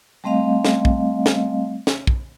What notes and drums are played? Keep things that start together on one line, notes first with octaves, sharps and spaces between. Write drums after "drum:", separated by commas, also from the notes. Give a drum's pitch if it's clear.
G3 A3 C4 D#5 F5
drum: snare
drum: kick
drum: snare
drum: snare
drum: kick